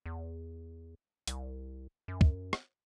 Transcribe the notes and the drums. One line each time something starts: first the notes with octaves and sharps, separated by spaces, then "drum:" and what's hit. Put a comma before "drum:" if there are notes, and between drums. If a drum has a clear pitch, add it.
E2
C2, drum: hi-hat
F#2
drum: kick
drum: rim click